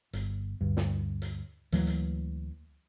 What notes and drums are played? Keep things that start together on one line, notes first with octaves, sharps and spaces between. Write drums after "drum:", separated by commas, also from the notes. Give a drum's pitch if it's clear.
G1, drum: hi-hat
D2 G2
drum: snare
drum: hi-hat
D2 E3 F#3 A#3, drum: hi-hat
drum: hi-hat